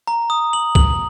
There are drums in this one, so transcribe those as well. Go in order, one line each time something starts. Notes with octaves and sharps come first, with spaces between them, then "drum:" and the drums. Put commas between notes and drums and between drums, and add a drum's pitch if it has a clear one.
A#5
D#6
F#7
F#7, drum: kick